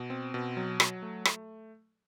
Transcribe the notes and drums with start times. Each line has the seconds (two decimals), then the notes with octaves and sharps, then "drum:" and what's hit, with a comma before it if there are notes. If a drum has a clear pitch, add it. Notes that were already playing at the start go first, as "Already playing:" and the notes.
Already playing: B2
0.10 C4
0.34 B2
0.57 F#3
0.80 F#3, drum: rim click
1.02 A3
1.25 A3, drum: rim click